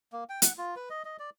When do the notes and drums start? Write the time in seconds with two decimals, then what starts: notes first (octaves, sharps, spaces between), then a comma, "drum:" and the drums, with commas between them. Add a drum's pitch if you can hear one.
0.13 A#3
0.29 G5
0.42 F#5, drum: hi-hat
0.58 F4
0.76 B4
0.90 D#5
1.05 D#5
1.19 D5